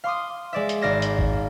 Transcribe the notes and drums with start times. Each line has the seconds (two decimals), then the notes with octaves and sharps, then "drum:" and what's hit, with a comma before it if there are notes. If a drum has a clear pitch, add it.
0.04 F5 C6 D6 D#6
0.53 G#3 D5 E5
0.69 drum: hi-hat
0.82 G#1 D5 F5 A#6 E7
1.02 drum: hi-hat
1.19 drum: kick